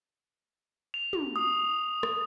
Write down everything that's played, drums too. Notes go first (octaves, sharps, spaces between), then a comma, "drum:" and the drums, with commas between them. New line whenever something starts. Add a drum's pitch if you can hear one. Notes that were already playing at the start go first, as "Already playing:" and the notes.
F7
drum: tom
D#6
drum: rim click